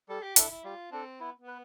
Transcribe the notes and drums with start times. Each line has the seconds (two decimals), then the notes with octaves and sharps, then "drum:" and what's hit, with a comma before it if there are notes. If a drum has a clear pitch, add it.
0.09 G3 A4
0.23 G4
0.36 D4 E4 A4, drum: hi-hat
0.50 E4
0.64 G3 F4
0.92 C4 D4 A4
1.20 B3 E4
1.40 B3
1.48 B4